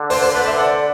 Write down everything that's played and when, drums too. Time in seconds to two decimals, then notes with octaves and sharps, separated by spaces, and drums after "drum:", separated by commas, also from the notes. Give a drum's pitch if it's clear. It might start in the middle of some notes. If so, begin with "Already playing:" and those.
Already playing: D3
0.10 C5, drum: open hi-hat
0.22 C5
0.35 B4 D5
0.46 C5 E5
0.58 D5 F#5